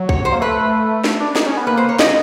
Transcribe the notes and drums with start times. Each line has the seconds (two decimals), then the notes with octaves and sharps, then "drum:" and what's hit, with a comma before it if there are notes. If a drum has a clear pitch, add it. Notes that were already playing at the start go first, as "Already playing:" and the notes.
Already playing: F#3
0.09 C#5, drum: kick
0.25 C5
0.32 A#3
0.41 A3 B4
1.04 drum: snare
1.20 D4
1.36 D#4, drum: snare
1.46 C#4
1.57 B3
1.67 A#3 B4
1.77 C5
1.89 C#5
1.99 D#5, drum: snare